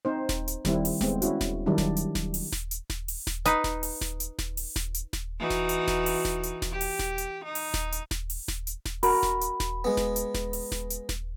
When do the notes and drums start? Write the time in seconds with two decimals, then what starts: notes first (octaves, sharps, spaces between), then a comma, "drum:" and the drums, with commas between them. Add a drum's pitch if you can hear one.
0.05 C4 D#4 C5
0.29 drum: snare D#1
0.48 drum: hi-hat
0.65 D#3 G3 C4 E4, drum: snare D#1
0.85 drum: open hi-hat
1.01 G#3 B3 C4, drum: snare D#1
1.22 C#4 E4 F#4, drum: hi-hat
1.41 drum: snare D#1
1.66 D#3 F#3 G3 D4 E4 G4
1.78 drum: snare D#1
1.97 drum: hi-hat
2.15 drum: snare D#1
2.34 drum: open hi-hat
2.52 drum: snare D#1
2.71 drum: hi-hat
2.90 drum: snare D#1
3.08 drum: open hi-hat
3.27 drum: snare D#1
3.45 D#4 B4, drum: hi-hat
3.64 drum: snare D#1
3.83 drum: open hi-hat
4.01 drum: snare D#1
4.20 drum: hi-hat
4.39 drum: snare D#1
4.57 drum: open hi-hat
4.76 drum: snare D#1
4.94 drum: hi-hat
5.13 drum: snare D#1
5.39 E3 D#4 F#4
5.50 drum: snare D#1
5.69 drum: hi-hat
5.88 drum: snare D#1
6.06 drum: open hi-hat
6.25 drum: snare D#1
6.43 drum: hi-hat
6.62 drum: snare D#1
6.72 G4
6.81 drum: open hi-hat
6.99 drum: snare D#1
7.18 drum: hi-hat
7.45 D#4
7.55 drum: open hi-hat
7.74 drum: snare D#1
7.92 drum: hi-hat
8.11 drum: snare D#1
8.30 drum: open hi-hat
8.48 drum: snare D#1
8.67 drum: hi-hat
8.85 drum: snare D#1
9.03 F#4 A#4 B5, drum: open hi-hat
9.23 drum: snare D#1
9.41 drum: hi-hat
9.60 drum: snare D#1
9.84 G#3 B3
9.97 drum: snare D#1
10.16 drum: hi-hat
10.34 drum: snare D#1
10.53 drum: open hi-hat
10.72 drum: snare D#1
10.90 drum: hi-hat
11.09 drum: snare D#1